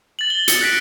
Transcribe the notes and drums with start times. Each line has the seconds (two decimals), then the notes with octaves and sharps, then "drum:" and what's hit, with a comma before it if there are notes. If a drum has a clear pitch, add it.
0.19 A6 F#7
0.30 G7
0.48 C#7, drum: hi-hat
0.61 F#6 A#6 B6 D7